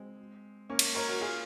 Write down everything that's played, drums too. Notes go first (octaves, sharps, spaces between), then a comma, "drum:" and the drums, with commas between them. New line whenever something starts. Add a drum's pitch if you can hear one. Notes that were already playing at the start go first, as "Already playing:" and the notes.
Already playing: G#3 C4
A#3 C#4
drum: cymbal
A#4 C#5
F#4 A#4
F4 G#4